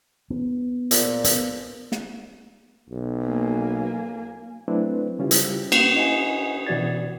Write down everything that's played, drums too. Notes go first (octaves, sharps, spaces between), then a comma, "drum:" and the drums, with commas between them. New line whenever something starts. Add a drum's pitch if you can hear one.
B3
A#2, drum: hi-hat
B3, drum: hi-hat
drum: snare
B1
A#3 G#5
F#3 A3 C4 D4 E4 B4
C#3 G3 C#4 E4 F4 G4
drum: hi-hat
A#3 F5, drum: cymbal
E4 D#5 F#5 G#5
B2 E3 F#4 D5 G#6 A6